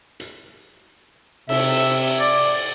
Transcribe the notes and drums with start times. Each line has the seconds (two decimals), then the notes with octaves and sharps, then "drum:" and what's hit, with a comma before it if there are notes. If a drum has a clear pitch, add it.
0.20 drum: hi-hat
1.49 C3 E5, drum: cymbal
1.92 drum: hi-hat
2.20 D5